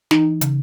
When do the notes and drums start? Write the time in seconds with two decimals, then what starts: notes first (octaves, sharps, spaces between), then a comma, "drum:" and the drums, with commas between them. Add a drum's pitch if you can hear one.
0.11 E3 D#4, drum: snare
0.41 C#3, drum: hi-hat